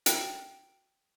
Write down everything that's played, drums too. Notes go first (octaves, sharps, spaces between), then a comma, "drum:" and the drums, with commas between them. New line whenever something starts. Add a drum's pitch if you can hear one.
G5, drum: hi-hat